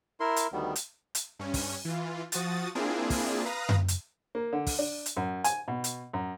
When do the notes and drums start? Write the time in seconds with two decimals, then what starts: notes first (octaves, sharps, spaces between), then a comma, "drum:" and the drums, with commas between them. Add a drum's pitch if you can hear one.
0.20 E4 A#4 C6
0.36 drum: hi-hat
0.52 D2 D#3 G3 B3
0.76 drum: hi-hat
1.15 drum: hi-hat
1.39 G2 C#4
1.54 drum: kick, open hi-hat
1.85 E3 F4
2.32 F3 F#4 D#6 A6, drum: hi-hat
2.75 A#3 C4 D4 E4 F4 G#4
3.10 drum: kick, open hi-hat
3.45 B4 F5 A#5 D#6 A#6
3.69 drum: tom F#2
3.88 drum: hi-hat
4.35 A#3
4.53 D3
4.67 drum: kick, open hi-hat
4.79 D4
5.06 drum: hi-hat
5.17 F#2
5.44 G#5, drum: hi-hat
5.68 B2
5.84 drum: hi-hat
6.13 F#2